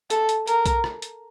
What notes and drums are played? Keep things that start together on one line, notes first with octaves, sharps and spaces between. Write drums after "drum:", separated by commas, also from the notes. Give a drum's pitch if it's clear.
A4, drum: hi-hat
drum: hi-hat
A#4, drum: hi-hat
drum: kick B1, hi-hat
drum: rim click
drum: hi-hat